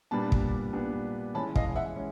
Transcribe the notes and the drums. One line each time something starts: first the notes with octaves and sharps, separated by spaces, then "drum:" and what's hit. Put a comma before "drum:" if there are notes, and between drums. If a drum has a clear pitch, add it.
A#2 G3 B3 D4 A5 B5
drum: kick
A#2 G3 B3 D4
E3 G#3 C#4 A5 B5
D#5 F5, drum: kick
E5 F#5
G#3 C#4